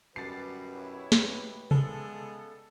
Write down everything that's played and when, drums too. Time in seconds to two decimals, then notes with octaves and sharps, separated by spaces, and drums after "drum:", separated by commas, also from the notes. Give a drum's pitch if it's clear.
0.16 F#2 B2 D3 G3 G4 B4 A6 C7
0.75 E4 C#5
1.12 drum: snare
1.71 C#3 G3 G#3 B3 A4, drum: tom C3